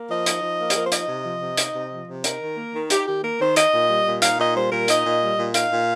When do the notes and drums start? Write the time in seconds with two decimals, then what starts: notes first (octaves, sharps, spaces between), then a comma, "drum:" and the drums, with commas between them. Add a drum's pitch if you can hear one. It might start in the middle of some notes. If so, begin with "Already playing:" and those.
Already playing: A#3
0.09 F3 D#5
0.26 D#4, drum: hi-hat
0.43 F3
0.59 A#3
0.70 G4, drum: hi-hat
0.75 F3 A#4
0.84 C5
0.92 D#4 D#5, drum: hi-hat
1.08 C3
1.25 F3
1.41 C3
1.57 D#4, drum: hi-hat
1.75 C3
1.91 F3
2.08 C3
2.24 D#4 A#4, drum: hi-hat
2.40 D#3
2.57 A#3
2.74 D#3
2.90 D#4 G4, drum: hi-hat
3.06 D#3 G4
3.23 A#3 A#4
3.40 D#3 C5
3.56 D#4 D#5, drum: hi-hat
3.73 A#2
3.89 G3
4.06 A#2
4.22 D#4 F5, drum: hi-hat
4.39 A#2 D#5
4.55 G3 C5
4.71 A#2 A#4
4.88 D#4 D#5, drum: hi-hat
5.05 A#2
5.21 G3
5.38 A#2
5.54 D#4 F5, drum: hi-hat
5.71 A#2